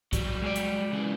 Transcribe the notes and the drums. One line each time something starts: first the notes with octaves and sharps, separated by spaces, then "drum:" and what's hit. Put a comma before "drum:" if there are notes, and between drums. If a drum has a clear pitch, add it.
F#3 G3, drum: kick, hi-hat
G#3 D5
drum: hi-hat
C#3 E3